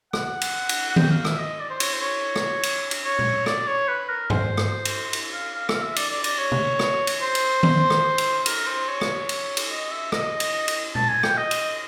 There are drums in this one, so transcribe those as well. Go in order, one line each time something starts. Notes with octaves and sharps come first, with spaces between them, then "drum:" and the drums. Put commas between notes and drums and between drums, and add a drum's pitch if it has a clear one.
F#5, drum: rim click
drum: cymbal
drum: cymbal
F#5
G5, drum: tom D#3
F5
E5, drum: rim click
D#5
D5
C5
C#5, drum: cymbal
C5
C#5
drum: rim click
drum: cymbal
drum: cymbal
C#5
drum: tom A#2
D5, drum: rim click
C#5
B4
A#4
C5, drum: tom G2
drum: rim click
drum: cymbal
drum: cymbal
F5
F5
E5, drum: rim click
F5
E5
D5, drum: cymbal
D5
D5, drum: cymbal
C#5
drum: tom C3
drum: rim click
drum: cymbal
C5
drum: cymbal
C5, drum: tom D#3
drum: rim click
drum: cymbal
A#4, drum: cymbal
C5
C#5
drum: rim click
drum: cymbal
drum: cymbal
D#5
E5
D#5, drum: rim click
drum: cymbal
drum: cymbal
A5, drum: tom A#2
G#5
G5, drum: rim click
D#5
drum: cymbal